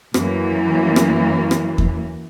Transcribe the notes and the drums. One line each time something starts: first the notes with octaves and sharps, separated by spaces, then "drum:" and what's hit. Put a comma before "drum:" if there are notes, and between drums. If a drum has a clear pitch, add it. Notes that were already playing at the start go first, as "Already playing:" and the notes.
F#2 E3 A#3, drum: rim click
drum: rim click
drum: rim click
drum: kick E2